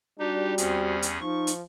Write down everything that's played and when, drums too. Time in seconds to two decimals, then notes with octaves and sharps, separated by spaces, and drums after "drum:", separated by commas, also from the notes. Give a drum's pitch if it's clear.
0.19 G3 D4 D#4 F#4 G4
0.58 E2 C4 C#4 G#4, drum: hi-hat
1.02 drum: hi-hat
1.21 F3 D#4 C#6
1.47 drum: hi-hat